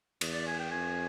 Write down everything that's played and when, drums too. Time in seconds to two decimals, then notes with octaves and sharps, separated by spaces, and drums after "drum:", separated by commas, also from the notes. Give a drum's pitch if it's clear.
0.21 E2, drum: cymbal
0.34 D5
0.47 G#5
0.59 G5
0.71 F2 G#5